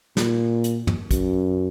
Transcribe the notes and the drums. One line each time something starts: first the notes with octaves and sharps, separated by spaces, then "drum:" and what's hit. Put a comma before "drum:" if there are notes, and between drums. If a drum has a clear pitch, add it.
A#2, drum: snare
drum: hi-hat
drum: tom
F#2, drum: kick, hi-hat